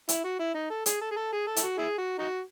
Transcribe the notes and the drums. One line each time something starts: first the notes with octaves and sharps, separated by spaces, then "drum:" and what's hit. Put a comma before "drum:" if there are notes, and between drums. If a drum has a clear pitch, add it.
E4, drum: hi-hat
F#4
E4
D#4
A4
G#4, drum: hi-hat
A4
G#4
A4
G#4
A4
E4, drum: hi-hat
F#4
E4 G#4
F#4
D#4 F#4